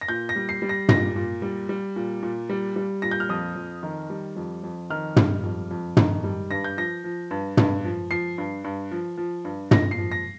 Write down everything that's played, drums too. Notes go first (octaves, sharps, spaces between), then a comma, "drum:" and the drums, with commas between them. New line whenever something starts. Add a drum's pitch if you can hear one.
A#6
A#2 G6
A#6
G3
C7
G3
A#6
A#2 A#6, drum: tom
A#2
G3
G3
A#2
A#2
G3
G3
A#2 A#6
G6
F6
F2 D#6
F2
D#3
G3
F2
F2
D#3 F6
G3, drum: tom
F2
F2
D#3, drum: tom
G3
G2 A#6
G6
F3 A#6
F3
G2
G2, drum: tom
F3
F3 C7
G2
G2
F3
F3
G2
A#2 A#6, drum: tom
C7
F3
A#6